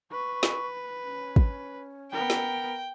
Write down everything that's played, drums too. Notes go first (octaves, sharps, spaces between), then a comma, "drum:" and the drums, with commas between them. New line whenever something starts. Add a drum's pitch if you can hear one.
B4 C#6
drum: snare
C#4
drum: kick
B3 A#4 G5
drum: snare